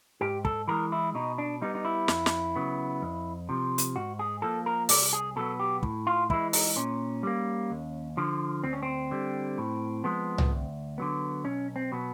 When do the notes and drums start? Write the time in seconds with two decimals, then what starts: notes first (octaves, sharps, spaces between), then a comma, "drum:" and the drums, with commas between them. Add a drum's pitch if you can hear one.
0.21 G#2 G4
0.45 A4, drum: kick
0.68 E3 G#3 A#4
0.92 E4
1.15 B2 D#4
1.38 D4
1.62 G3 B3 D#4
1.75 D#4
1.85 E4
2.08 F2, drum: snare
2.26 drum: snare
2.56 C#3 F#3 B3
3.02 F2
3.49 C3 F3
3.78 drum: hi-hat
3.96 G#2 F#4
4.19 G#4
4.42 F3 A#3 A4
4.66 A#4
4.89 C2 D5, drum: open hi-hat
5.13 G#4
5.36 B2 F#3 B3 A4
5.60 G4
5.83 A2, drum: kick
6.07 F4
6.30 E3 G#3 E4, drum: kick
6.53 D#4, drum: open hi-hat
6.76 A#2 C#4
7.23 G3 A#3
7.70 D#2
8.17 D3 F3
8.64 D2 C4
8.73 C#4
8.83 C4
9.11 D3 G3
9.58 A2
10.04 F3 G#3 B3
10.38 drum: tom C2
10.51 D2
10.98 D3 F#3 B3
11.44 B1 C#4
11.76 C4
11.92 B2 F#3 B3